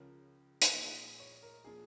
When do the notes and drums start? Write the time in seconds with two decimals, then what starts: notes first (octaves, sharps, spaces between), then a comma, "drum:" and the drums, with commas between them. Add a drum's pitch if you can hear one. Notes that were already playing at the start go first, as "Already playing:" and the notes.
Already playing: C#2 C#3 F3 C#4 A#4
0.62 drum: hi-hat
0.74 A#1 A#2 F3 G#3 D#4 D#5
1.20 C#5
1.42 A#4
1.65 A#2 F3 G#4